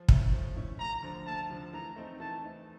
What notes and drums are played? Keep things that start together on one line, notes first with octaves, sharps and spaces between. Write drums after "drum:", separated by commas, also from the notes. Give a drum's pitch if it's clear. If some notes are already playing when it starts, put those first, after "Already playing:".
Already playing: F3
A3 C#4 E4, drum: kick
F3
A3 C#4 E4
D2 A#5
D3 F3
D2 A5
D3 F3
E3 A#5
A3 C4 D#4
E3 A5
A3 C4 D#4